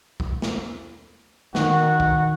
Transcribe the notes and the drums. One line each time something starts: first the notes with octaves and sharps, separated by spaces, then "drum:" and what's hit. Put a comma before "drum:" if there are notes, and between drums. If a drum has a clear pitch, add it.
drum: kick
drum: snare
D#3 F#4, drum: snare
drum: kick